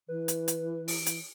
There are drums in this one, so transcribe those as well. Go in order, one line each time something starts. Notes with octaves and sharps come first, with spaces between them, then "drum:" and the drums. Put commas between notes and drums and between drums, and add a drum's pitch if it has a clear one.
E3 B4
drum: hi-hat
drum: hi-hat
D7, drum: open hi-hat
drum: hi-hat